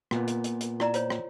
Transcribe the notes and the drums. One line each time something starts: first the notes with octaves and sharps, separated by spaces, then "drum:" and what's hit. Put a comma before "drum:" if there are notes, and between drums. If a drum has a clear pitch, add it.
A#2 B3, drum: rim click
drum: hi-hat
drum: hi-hat
drum: hi-hat
E4 D5 A#5, drum: rim click
F4 C5 C#5, drum: hi-hat
drum: rim click